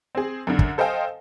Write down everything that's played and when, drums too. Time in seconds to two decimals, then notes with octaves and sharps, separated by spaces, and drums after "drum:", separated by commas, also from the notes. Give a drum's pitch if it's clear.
0.15 C4 G#4
0.47 F#2 D3
0.59 drum: kick
0.78 A4 C5 D#5 F5 G5 G#5